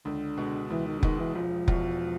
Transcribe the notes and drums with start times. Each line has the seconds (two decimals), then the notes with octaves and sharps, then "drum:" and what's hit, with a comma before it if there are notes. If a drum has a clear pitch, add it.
0.05 C#2 D3
0.37 B2 G#3
0.70 C#2 E3
0.87 D#3
0.99 D3
1.03 B2 D#3 G#3, drum: kick F1
1.19 E3
1.35 E1 F3
1.68 E2 B2, drum: kick F1